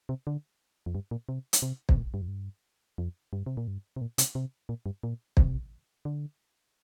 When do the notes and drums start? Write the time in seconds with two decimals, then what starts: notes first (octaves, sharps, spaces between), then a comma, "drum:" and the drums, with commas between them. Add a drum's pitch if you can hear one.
0.09 C3
0.27 D3
0.86 F2
0.95 G2
1.11 A#2
1.29 C3
1.53 drum: hi-hat
1.62 C3
1.89 C3, drum: kick
1.97 A#2
2.14 G2
2.22 F2
2.28 G2
2.98 F2
3.33 G2
3.46 C3
3.57 A#2
3.68 G2
3.96 C3
4.01 A#2
4.18 C3, drum: hi-hat
4.35 C3
4.69 A#2
4.86 G2
5.03 A#2
5.37 C3, drum: kick
6.05 D3